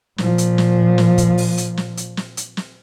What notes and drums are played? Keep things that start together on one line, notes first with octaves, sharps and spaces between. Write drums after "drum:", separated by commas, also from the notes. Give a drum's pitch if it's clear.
A#2 F3, drum: snare
drum: hi-hat
drum: snare
drum: snare
drum: kick, hi-hat
drum: open hi-hat
drum: hi-hat
drum: snare
drum: hi-hat
drum: snare
drum: hi-hat
drum: snare